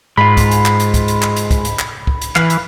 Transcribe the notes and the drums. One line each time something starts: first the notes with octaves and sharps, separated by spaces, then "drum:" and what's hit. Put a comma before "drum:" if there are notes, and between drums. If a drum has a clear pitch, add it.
G#2 G#3 F4 B5
drum: kick, hi-hat
drum: hi-hat
drum: clap
drum: hi-hat
drum: kick, hi-hat
drum: hi-hat
drum: clap
drum: hi-hat
drum: kick, hi-hat
drum: hi-hat
drum: clap
drum: kick
drum: hi-hat
E3 B4 F5, drum: clap
drum: hi-hat